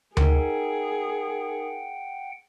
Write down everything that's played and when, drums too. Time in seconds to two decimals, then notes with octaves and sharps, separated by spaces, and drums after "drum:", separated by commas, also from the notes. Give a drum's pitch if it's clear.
0.17 D#4 G#4 A#4 F#5 G5, drum: tom D2